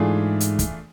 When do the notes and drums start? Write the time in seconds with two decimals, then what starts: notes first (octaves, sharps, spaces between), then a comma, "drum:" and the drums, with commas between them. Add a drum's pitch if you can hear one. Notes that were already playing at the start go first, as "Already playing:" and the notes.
Already playing: G#2 E3 A3 D4 F4 G#4
0.40 drum: hi-hat
0.59 drum: kick, hi-hat